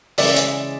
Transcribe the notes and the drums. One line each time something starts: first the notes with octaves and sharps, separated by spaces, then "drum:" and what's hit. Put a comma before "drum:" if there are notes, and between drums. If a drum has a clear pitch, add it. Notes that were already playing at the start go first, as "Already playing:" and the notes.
C#3 E3 G#3 D5 E5, drum: open hi-hat
drum: hi-hat